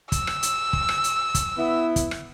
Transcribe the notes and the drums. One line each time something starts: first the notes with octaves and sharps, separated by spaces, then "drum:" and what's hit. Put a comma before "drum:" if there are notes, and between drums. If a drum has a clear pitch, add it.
E6, drum: kick, hi-hat
drum: rim click
drum: hi-hat
drum: kick
drum: rim click
drum: hi-hat
drum: kick, hi-hat
B3 E4
drum: kick, hi-hat
drum: rim click